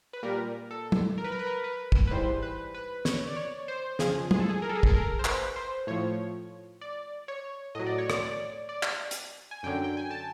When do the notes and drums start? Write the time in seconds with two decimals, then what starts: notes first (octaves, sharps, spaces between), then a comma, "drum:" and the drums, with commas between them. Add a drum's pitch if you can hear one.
0.13 B4
0.23 A#2 G3 A#4
0.71 A4
0.92 drum: tom
1.18 A#4
1.24 B4
1.32 A#4
1.39 B4
1.47 A#4
1.64 B4
1.92 drum: kick
2.07 B4
2.11 G#2 E3 G3 C5
2.42 B4
2.74 B4
3.05 C#5, drum: snare
3.28 D5
3.36 C#5
3.68 C5
3.99 F2 C#3 F3 G#4, drum: snare
4.31 G#4, drum: tom
4.40 A4
4.49 G#4
4.62 A#4
4.69 A4
4.75 G#4
4.83 A4, drum: kick
4.93 A#4
5.19 C5
5.25 B4, drum: clap
5.56 C5
5.87 A2 F3 C#5
6.81 D5
7.28 C#5
7.75 A2 F#3 D#5
7.86 D5
7.98 C#5
8.10 D5, drum: rim click
8.23 D5
8.69 D5
8.83 drum: clap
9.11 drum: hi-hat
9.51 G#5
9.63 F#2 D3 F#3 G5
9.84 G5
9.97 G#5
10.11 A5